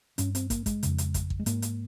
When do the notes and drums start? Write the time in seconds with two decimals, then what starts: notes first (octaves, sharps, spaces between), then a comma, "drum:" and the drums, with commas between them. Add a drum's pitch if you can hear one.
0.18 G2 C#4, drum: hi-hat
0.35 C4, drum: hi-hat
0.50 A#3, drum: kick, hi-hat
0.66 G#3, drum: kick, hi-hat
0.83 F2 C#3, drum: hi-hat
0.98 drum: hi-hat
1.14 drum: kick, hi-hat
1.30 drum: kick
1.39 G#3
1.46 G#2 A#3, drum: hi-hat
1.62 drum: hi-hat